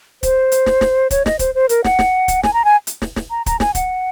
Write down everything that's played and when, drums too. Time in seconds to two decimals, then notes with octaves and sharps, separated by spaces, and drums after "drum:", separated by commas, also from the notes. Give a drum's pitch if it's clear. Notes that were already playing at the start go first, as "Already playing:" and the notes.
0.23 C5, drum: kick, hi-hat
0.52 drum: hi-hat
0.66 drum: snare
0.81 drum: snare
1.11 C#5, drum: kick, hi-hat
1.26 D#5, drum: snare
1.39 C5, drum: kick, hi-hat
1.55 C5
1.69 A#4, drum: hi-hat
1.84 F#5, drum: snare
1.99 drum: snare
2.28 drum: kick, hi-hat
2.43 G#5, drum: snare
2.54 A#5
2.65 G#5
2.87 drum: hi-hat
3.02 drum: snare
3.16 drum: snare
3.30 A#5
3.46 A#5, drum: kick, hi-hat
3.60 G#5, drum: snare
3.75 F#5, drum: kick, hi-hat